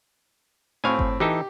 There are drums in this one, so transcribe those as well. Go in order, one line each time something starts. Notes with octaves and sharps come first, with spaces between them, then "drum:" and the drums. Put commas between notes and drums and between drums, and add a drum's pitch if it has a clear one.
A2 C4 F5 G#5 C#6
drum: kick G1
E3 D#4 G4 A4